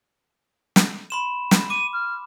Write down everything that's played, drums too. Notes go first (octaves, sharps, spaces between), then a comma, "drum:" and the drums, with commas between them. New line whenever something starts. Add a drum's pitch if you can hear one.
drum: snare
B5 C6 E7
drum: snare
D6 D#7
F6